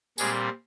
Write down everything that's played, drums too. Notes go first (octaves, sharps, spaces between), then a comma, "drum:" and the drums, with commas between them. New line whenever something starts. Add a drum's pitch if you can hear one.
A#2 G3 G#3 C4 G#4, drum: tambourine